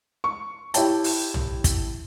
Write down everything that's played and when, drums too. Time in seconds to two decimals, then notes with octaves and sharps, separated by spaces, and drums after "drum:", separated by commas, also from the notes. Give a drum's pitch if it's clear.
0.24 C#6
0.74 E4 G4 C#5 G5 A5, drum: hi-hat
1.04 drum: open hi-hat
1.34 drum: tom
1.64 drum: kick, hi-hat